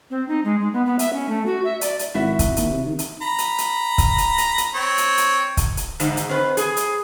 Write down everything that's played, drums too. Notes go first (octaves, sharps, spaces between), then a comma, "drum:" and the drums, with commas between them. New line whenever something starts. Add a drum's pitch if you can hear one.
C4
D#4
G#3
G#3
B3
B3
E5, drum: hi-hat
C#4
A3
F#4
E5
D5, drum: hi-hat
drum: hi-hat
G#1 E4 F#4 E5
drum: kick, hi-hat
D#2, drum: hi-hat
C3
D#3
drum: hi-hat
A#5 B5
drum: hi-hat
drum: hi-hat
drum: kick, hi-hat
drum: hi-hat
drum: hi-hat
drum: hi-hat
C4 C#5
drum: hi-hat
drum: hi-hat
drum: kick, hi-hat
drum: hi-hat
G#2 D3, drum: hi-hat
drum: hi-hat
C4 B4
G#4, drum: hi-hat
drum: hi-hat